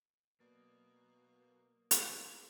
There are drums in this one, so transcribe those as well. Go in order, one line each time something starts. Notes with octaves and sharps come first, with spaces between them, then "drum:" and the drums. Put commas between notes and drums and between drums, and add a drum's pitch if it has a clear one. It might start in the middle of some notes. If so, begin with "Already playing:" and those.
B2 F#3 A#3 D5 D#6
drum: hi-hat